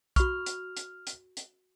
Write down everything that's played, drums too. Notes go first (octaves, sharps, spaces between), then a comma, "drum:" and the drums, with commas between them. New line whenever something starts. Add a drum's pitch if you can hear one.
F#4 B5 C#6 F6, drum: kick, hi-hat
drum: hi-hat
drum: hi-hat
drum: hi-hat
drum: hi-hat